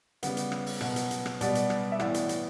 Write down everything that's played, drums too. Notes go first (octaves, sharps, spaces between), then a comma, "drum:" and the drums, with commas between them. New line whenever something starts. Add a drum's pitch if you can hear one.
C#3 G3 B3, drum: hi-hat
drum: hi-hat
drum: rim click
drum: open hi-hat
B2 F#3 B3, drum: rim click
drum: hi-hat
drum: hi-hat
drum: rim click
B2 G3 B3 D5, drum: hi-hat
drum: hi-hat
drum: rim click
E5
A2 E3 B3 D5, drum: rim click
drum: hi-hat
drum: hi-hat